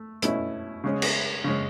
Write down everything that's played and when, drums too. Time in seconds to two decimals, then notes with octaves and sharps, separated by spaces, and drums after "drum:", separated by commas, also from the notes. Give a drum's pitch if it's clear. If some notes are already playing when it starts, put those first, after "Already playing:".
Already playing: A3
0.22 B2 A3 C#4 E4, drum: hi-hat
0.84 C#3 G#3 C#4
1.02 drum: cymbal
1.44 C#3 G#3 C#4